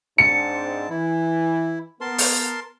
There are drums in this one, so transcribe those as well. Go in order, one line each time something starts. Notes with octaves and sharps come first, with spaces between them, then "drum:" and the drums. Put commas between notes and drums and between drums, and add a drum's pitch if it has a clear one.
G#2 C4 D4 A5 C#7
E3 E4
B3 A#4 A5 C6
drum: open hi-hat